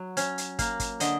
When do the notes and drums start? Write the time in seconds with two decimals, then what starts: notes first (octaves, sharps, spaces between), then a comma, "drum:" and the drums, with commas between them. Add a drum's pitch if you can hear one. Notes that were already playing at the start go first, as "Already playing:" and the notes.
Already playing: F#3
0.17 C#4, drum: hi-hat
0.38 drum: hi-hat
0.59 A#3, drum: kick, hi-hat
0.80 drum: kick, hi-hat
1.00 D3 D#5, drum: hi-hat